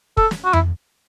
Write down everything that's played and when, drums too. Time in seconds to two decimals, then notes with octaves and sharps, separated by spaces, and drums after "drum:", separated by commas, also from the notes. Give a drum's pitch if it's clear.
0.17 A4, drum: kick
0.31 drum: snare
0.45 F#4
0.53 E4, drum: tom F2